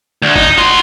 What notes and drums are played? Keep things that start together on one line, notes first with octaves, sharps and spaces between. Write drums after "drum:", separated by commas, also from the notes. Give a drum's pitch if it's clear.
D2
D#4, drum: kick G1
F#4 C6